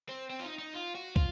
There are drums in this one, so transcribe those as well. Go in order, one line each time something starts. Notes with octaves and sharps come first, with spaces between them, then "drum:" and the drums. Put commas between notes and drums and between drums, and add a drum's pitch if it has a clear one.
C4
C4
F4
D#4
D#4
F4
F#4
F4, drum: kick